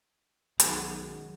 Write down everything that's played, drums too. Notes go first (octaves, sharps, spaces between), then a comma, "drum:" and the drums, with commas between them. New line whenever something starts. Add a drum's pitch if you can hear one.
B1 F#2 D#3 G#3, drum: hi-hat